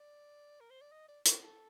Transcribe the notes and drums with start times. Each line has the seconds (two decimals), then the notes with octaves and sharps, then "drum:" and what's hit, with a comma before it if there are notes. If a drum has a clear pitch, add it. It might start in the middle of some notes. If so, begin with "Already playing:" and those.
Already playing: D5
0.60 A#4
0.70 C5
0.81 D5
0.92 D#5
1.08 D5
1.26 A#4, drum: hi-hat
1.43 A4